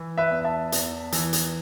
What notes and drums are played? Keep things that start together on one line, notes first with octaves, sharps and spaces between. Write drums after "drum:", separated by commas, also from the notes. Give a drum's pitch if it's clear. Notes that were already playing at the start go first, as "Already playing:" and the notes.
Already playing: E3
B4 E5
E2
E5 A5
E2, drum: hi-hat
E3, drum: hi-hat
drum: hi-hat